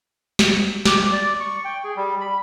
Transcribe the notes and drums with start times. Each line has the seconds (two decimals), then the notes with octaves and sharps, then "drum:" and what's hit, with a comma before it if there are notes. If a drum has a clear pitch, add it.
0.39 drum: snare
0.85 G4, drum: snare
1.12 D5
1.40 C#6
1.65 G5
1.85 G#4
1.96 G3
2.21 B5